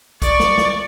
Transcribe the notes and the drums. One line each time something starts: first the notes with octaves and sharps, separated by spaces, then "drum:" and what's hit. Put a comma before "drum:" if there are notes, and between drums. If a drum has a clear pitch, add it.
D5 C#6, drum: kick, hi-hat
drum: snare
drum: snare